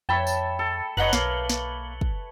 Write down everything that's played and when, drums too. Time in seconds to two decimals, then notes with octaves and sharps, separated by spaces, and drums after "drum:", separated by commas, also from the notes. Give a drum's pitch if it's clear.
0.09 F2 C#5 E5 G5 A5 B5
0.27 drum: tambourine
0.59 A4
0.97 F#1 D#4 B4 C#5 F#5 A#5 F#7 G7, drum: tom F2
1.13 B1 A#3, drum: snare
1.50 drum: snare
2.01 drum: kick